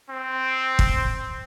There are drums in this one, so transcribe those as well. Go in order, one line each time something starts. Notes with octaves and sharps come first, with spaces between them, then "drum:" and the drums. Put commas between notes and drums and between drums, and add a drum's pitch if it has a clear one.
C4
drum: kick